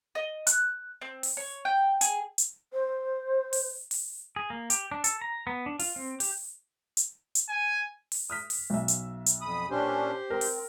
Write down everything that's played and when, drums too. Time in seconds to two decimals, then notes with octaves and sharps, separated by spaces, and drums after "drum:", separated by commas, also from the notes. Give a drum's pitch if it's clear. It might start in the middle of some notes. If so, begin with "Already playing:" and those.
0.15 D#5
0.47 F#6, drum: hi-hat
1.02 C4
1.23 drum: open hi-hat
1.37 C#5
1.65 G5
2.01 G#4, drum: hi-hat
2.38 drum: hi-hat
2.73 C5
3.53 drum: open hi-hat
3.91 drum: open hi-hat
4.36 G#4
4.50 A#3
4.70 G4, drum: hi-hat
4.91 D4
5.04 A4, drum: hi-hat
5.21 A#5
5.47 B3
5.66 D4
5.79 F4, drum: open hi-hat
5.96 C4
6.20 G4, drum: open hi-hat
6.97 drum: hi-hat
7.35 drum: hi-hat
7.49 G#5
8.12 drum: open hi-hat
8.30 D#6 F6 B6
8.50 drum: open hi-hat
8.70 B1 E5
8.88 drum: hi-hat
9.26 drum: hi-hat
9.41 F2 B5 D#6
9.70 A#2 C#4 D4 G4 C5
10.30 C4 A#4
10.41 drum: open hi-hat